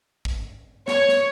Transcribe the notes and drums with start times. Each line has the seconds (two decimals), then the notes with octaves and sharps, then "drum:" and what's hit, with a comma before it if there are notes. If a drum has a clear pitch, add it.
0.25 drum: kick
0.88 C#5, drum: snare
1.09 drum: snare